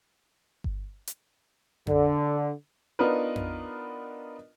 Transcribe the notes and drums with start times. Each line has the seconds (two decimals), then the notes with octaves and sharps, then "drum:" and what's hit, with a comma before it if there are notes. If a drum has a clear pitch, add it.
0.64 drum: kick G1
1.07 drum: hi-hat
1.87 D3, drum: tom F2
2.99 B3 D4 D#4 F4 A#4 B4
3.36 drum: tom F2